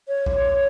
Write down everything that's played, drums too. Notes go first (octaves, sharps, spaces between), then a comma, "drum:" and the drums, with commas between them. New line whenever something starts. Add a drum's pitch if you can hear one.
C#5
drum: kick A#1